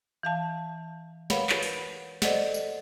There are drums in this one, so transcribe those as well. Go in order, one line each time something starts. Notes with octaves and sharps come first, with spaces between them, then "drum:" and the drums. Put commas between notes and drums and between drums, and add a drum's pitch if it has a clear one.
E3 F5 A5
A#4 B4 C#5 F5 F#5 B5, drum: snare
drum: clap
drum: open hi-hat
A4 C5 D5 D#5 F#5, drum: snare
drum: tambourine